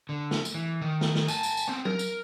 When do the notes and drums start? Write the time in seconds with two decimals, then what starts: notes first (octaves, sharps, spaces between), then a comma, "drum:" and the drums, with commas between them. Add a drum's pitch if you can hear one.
0.09 D3
0.31 drum: snare
0.45 drum: tambourine
0.54 E3
0.82 D#3
1.01 drum: snare
1.15 drum: snare
1.28 G#5 A5, drum: tambourine
1.43 drum: tambourine
1.57 drum: tambourine
1.68 B3 C4
1.85 A#4, drum: tom
1.99 drum: tambourine